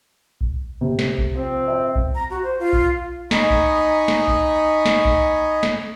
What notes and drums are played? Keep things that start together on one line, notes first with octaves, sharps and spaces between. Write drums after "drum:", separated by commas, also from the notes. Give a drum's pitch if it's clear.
drum: kick A#1
C3
drum: snare
drum: kick A#1
F3 C4
E5 G5
drum: kick A#1
A#5
F#4
C5
F4
drum: kick A#1
D#4 D#5 G#5 A#5 B5 C#6, drum: snare
drum: kick A#1
drum: snare
drum: kick A#1
drum: snare
drum: kick A#1
drum: snare